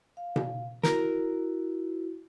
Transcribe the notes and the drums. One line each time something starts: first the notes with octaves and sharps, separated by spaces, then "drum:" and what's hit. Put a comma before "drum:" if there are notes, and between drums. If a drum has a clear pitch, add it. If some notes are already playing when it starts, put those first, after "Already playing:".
F5
drum: tom B2
E4 F#4 A#4, drum: snare